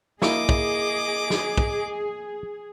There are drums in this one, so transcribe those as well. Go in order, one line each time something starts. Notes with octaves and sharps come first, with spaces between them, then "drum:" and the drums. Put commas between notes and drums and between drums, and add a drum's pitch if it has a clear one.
A#3 E4 G#4 D#5 D6, drum: snare
drum: kick
drum: snare
drum: kick